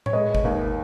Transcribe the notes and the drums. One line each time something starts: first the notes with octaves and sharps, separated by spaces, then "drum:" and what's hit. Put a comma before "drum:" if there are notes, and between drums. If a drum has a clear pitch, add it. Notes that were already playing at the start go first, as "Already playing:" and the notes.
C#5, drum: tom A2
G#3 B4 D#5
drum: kick G1
D#2